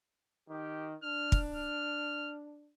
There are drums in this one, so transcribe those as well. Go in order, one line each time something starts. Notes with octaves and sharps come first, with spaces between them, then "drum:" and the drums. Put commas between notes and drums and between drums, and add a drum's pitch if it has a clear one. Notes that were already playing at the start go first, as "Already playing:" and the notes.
D#3 G4
D4 F6
drum: kick
F6